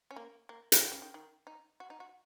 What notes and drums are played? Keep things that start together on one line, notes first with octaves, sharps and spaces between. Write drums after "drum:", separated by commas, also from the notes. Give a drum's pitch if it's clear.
C#4
A#3
A#3
drum: hi-hat
D#3
C#3
D#3
D#3
D#4
F#4
D#4
F#4